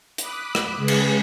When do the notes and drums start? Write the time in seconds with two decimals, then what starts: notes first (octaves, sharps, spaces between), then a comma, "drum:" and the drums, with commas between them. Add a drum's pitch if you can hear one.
0.18 B5 D6 D#6 F#6, drum: hi-hat
0.55 drum: rim click
0.76 C#3 G#3 G#4 B4
0.88 drum: cymbal